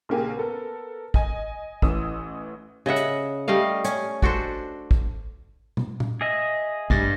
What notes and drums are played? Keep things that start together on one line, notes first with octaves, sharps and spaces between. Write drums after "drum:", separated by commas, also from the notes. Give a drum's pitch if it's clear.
A#1 C#3 A#3 G4 G#5
B3 A4 A#4
D#5 G#5, drum: kick
A1 E3 C#4 D#6 E6, drum: kick
C#3 D#5 E5 F#5
drum: hi-hat
G3 A3 D#5 F5
C#4, drum: hi-hat
D4 F#4 A4 C5, drum: kick
drum: kick
drum: tom B2
drum: tom A#2
G#4 D#5 E5
G2, drum: kick